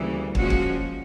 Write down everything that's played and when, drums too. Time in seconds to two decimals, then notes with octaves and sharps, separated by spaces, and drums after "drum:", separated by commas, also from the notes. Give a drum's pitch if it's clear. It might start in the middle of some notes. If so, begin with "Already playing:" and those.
Already playing: D2 C#3 E3 G3 A#3
0.35 A#2 F3 G#3 C#4 F#4, drum: kick
0.50 drum: kick